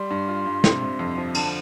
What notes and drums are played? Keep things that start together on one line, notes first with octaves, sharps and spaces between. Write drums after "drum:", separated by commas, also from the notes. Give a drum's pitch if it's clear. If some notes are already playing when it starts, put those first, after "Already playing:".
Already playing: G3 C6
G2
F4
G2
C3, drum: snare
C3
F2
F3
D3 A5, drum: cymbal